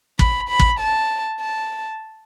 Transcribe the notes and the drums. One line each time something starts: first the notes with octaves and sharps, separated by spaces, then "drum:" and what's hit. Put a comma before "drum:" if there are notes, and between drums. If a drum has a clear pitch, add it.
B5, drum: kick
B5
drum: kick
A5
A5